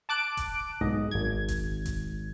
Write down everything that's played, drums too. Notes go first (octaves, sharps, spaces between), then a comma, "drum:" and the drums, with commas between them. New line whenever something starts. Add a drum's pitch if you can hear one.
A5 D6 F#6 D7
drum: kick E1, hi-hat
B1 G#2 D#5
G#1 G#6
drum: kick E1, hi-hat
drum: kick E1, hi-hat